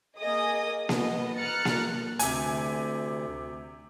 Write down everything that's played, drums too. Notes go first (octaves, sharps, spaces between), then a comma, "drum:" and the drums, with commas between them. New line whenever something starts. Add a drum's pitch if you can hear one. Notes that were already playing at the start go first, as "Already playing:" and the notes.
A#3 G#4 D#5 G#5 D#6
B3 D#5, drum: snare A#3
A#5 F6 F#6 A6 C#7
drum: snare A#3
D2 C3 G#5, drum: hi-hat